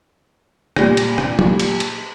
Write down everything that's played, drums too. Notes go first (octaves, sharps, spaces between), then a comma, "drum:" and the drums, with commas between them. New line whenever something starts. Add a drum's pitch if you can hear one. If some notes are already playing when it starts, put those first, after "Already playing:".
A#2 G3 A#6, drum: rim click
drum: cymbal
drum: rim click
drum: tom
drum: cymbal
drum: cymbal